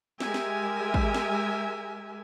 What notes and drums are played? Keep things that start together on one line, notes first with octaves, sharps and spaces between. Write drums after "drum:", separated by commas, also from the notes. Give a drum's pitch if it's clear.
G#3 G4 A#4 E5 G#5, drum: snare
drum: snare
drum: kick
drum: snare